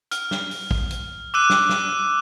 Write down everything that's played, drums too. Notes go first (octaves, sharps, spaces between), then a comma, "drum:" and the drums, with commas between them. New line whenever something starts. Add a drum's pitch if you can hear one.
F6, drum: hi-hat
drum: snare
drum: open hi-hat
drum: kick
drum: hi-hat
D6 E6 F#6 D#7
drum: snare
drum: snare